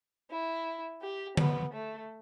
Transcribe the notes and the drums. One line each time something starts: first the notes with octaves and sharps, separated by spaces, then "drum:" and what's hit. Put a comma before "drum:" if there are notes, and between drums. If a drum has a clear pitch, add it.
E4
G4
B3, drum: tom D3
A3